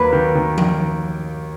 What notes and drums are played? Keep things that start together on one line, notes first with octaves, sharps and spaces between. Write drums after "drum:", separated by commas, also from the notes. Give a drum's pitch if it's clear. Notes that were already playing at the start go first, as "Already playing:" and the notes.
Already playing: D#2 F#3 A#3 B4
D#3
D#3
D#3, drum: tom F3